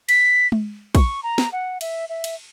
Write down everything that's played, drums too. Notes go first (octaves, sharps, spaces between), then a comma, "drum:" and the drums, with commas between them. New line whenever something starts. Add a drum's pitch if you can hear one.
B6, drum: cymbal
drum: tom G#3
C#6, drum: kick, cymbal
A#5
drum: snare
F#5
E5, drum: cymbal
E5
drum: cymbal